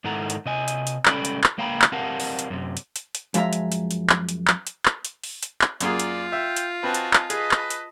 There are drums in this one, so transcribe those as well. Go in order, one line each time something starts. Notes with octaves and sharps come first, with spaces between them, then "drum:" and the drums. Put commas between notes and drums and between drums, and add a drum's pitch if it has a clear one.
G#2 D#3 E4 A4 F#5 A#5
drum: hi-hat
C3 D#5 G#5
drum: hi-hat
drum: hi-hat
C#2 G3 C#4 A4 D5 B5, drum: clap
drum: hi-hat
drum: clap
C#2 A#3 F5 G5 A#5 B5
drum: clap
C4 G4 A#4 F5 F#5 A5
drum: open hi-hat
drum: hi-hat
F#2 C3
drum: hi-hat
drum: hi-hat
drum: hi-hat
F#2 F3 G#3 E5 A#5, drum: hi-hat
drum: hi-hat
drum: hi-hat
drum: hi-hat
drum: clap
drum: hi-hat
drum: clap
drum: hi-hat
drum: clap
drum: hi-hat
drum: open hi-hat
drum: hi-hat
drum: clap
F#2 A#3 F4 G#4 D5, drum: hi-hat
drum: hi-hat
E5 G5
drum: hi-hat
C4 F#4 B4 D#5 G#5 A5
drum: hi-hat
drum: clap
G#4 B4 D#5 A5 B5, drum: hi-hat
drum: clap
drum: hi-hat